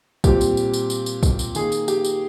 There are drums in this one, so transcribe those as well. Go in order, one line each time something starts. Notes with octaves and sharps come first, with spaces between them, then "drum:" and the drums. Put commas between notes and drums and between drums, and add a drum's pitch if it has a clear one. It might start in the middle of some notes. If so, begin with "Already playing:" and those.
A#2 G3 C4 G4, drum: kick, tambourine
drum: tambourine
drum: tambourine
drum: tambourine
drum: tambourine
drum: tambourine
drum: kick, tambourine
drum: tambourine
D#3 A#3 G#4, drum: tambourine
drum: tambourine
G4, drum: tambourine
drum: tambourine